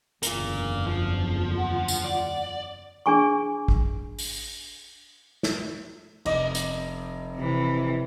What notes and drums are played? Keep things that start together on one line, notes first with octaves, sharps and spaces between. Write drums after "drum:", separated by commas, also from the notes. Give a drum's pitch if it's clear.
F#1 E2 D3 F4 A#4, drum: hi-hat
F3
F#5
drum: tambourine
D5
D4 G#4 G#5 C#6
drum: kick
drum: open hi-hat
drum: snare
F1 D#5 D6, drum: cymbal
drum: hi-hat
C3 E3